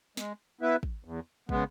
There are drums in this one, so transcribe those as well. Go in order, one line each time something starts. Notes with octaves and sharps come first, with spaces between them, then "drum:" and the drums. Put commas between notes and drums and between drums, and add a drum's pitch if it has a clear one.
G#3, drum: snare
B3 E4 B4 E5
drum: kick
E2
C#3 G#3 B3, drum: kick